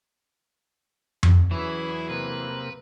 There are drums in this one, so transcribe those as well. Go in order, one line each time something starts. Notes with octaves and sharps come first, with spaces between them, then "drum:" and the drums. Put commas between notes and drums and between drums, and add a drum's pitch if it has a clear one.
drum: tom F2
E2 E3 F#3 C#4 E4 G#4
C3 A#3 B4